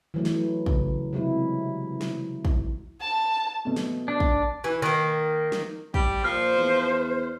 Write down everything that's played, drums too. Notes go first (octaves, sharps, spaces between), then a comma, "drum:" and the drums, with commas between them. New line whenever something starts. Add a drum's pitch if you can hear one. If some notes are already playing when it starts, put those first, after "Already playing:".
E3 F#3 A3
drum: snare
C#3, drum: kick
C3 F#3 G#3 E4
drum: snare
drum: kick
A5
B2 A3
drum: snare
D4
drum: kick
E3
D#3 A#3
drum: snare
G3, drum: kick
A#2 F3 C5 F6
E2